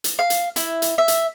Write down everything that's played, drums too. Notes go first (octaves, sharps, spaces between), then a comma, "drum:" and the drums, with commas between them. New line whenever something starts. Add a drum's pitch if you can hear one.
drum: hi-hat
F5
drum: hi-hat
E4, drum: hi-hat
drum: hi-hat
E5
drum: hi-hat